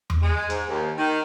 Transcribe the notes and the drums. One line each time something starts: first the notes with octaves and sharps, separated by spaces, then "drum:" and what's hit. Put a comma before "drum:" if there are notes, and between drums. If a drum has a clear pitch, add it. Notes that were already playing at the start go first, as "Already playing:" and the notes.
drum: tom E2
G#3
G#2, drum: hi-hat
D#2
D#3